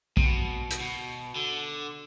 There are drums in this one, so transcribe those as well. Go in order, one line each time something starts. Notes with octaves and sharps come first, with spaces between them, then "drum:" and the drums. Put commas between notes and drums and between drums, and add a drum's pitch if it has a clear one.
C3, drum: kick
B2
drum: hi-hat
B2
D3